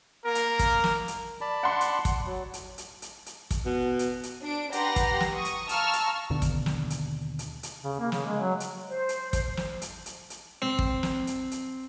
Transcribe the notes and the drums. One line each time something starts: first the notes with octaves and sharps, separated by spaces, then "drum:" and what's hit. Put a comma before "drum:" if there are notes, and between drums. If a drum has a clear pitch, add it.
A#3 A#4
drum: hi-hat
drum: kick, hi-hat
drum: snare
drum: hi-hat
D5 A5 B5
F#5 C6
drum: hi-hat
drum: kick, hi-hat
F#3
drum: hi-hat
drum: hi-hat
drum: hi-hat
drum: hi-hat
drum: kick, hi-hat
B2
drum: hi-hat
drum: hi-hat
D4 D7
G4 B4 F#5 A#5 C6 A#6, drum: hi-hat
drum: kick, hi-hat
drum: snare
C#6 D#6
drum: hi-hat
F5 A5 A#5 C#6 E6 F6, drum: hi-hat
drum: hi-hat
D#2 B2 D3
drum: kick, hi-hat
drum: snare
drum: hi-hat
drum: hi-hat
drum: hi-hat
C#3
A#3
C#3, drum: snare
G#3
F#3
drum: hi-hat
C5
drum: hi-hat
drum: kick, hi-hat
drum: snare
drum: hi-hat
drum: hi-hat
drum: hi-hat
C4
drum: kick
drum: snare
drum: hi-hat
drum: hi-hat